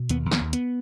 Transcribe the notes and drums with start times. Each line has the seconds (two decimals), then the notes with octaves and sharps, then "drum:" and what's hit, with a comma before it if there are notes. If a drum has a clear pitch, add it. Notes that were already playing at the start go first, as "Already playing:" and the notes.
Already playing: B2
0.09 D#2 B3, drum: hi-hat
0.26 D#2
0.31 B3, drum: snare
0.41 D#2
0.53 B3, drum: hi-hat